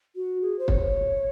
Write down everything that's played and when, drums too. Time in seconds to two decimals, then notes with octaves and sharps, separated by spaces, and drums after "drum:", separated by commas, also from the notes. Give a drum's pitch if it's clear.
0.16 F#4
0.42 G#4
0.59 C5
0.68 C#5, drum: kick